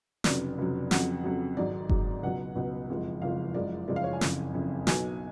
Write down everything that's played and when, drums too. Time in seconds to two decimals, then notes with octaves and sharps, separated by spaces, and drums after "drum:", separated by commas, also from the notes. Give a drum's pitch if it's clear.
0.24 F1 F2 C#3 F#3 D5, drum: snare
0.58 F1 F2 C#3 F#3
0.91 F2 C#3 F#3 F#5, drum: snare
1.24 F2 C#3 F#3
1.57 G#1 G#2 F#3 D5
1.89 G#1 G#2 F#3, drum: kick F#1
2.23 C#2 B2 F#3 F#5
2.55 C#2 B2 F#3 F#5
2.89 F#1 F2 F3 G#3
3.22 F#1 F2 F3 G#3 F5
3.54 F#1 F#2 F3 G#3 D5
3.88 F#1 F#2 F3 G#3 D5
3.96 F5
4.04 C#5
4.13 G#5
4.21 F#1 F2 C#3, drum: snare
4.54 F#1 F2 C#3
4.87 B1 B2 F#3 G#5, drum: snare